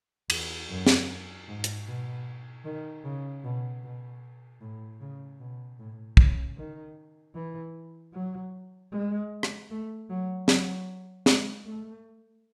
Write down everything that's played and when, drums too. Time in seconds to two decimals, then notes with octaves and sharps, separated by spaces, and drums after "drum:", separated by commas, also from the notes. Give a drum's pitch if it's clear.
0.30 E2, drum: cymbal
0.70 F#2
0.87 drum: snare
1.48 G#2
1.64 drum: hi-hat
1.87 B2
2.65 D#3
3.04 C#3
3.44 B2
3.83 B2
4.61 A2
5.01 C#3
5.40 B2
5.79 A2
6.17 C#3, drum: kick
6.56 D#3
7.35 E3
8.14 F#3
8.92 G#3
9.43 drum: rim click
9.71 A3
10.10 F#3
10.48 F#3, drum: snare
11.26 G#3, drum: snare
11.66 A3